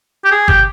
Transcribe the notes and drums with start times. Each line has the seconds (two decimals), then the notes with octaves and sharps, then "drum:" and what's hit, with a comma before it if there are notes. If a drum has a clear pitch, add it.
0.25 G4
0.31 G#4
0.48 G4, drum: kick G1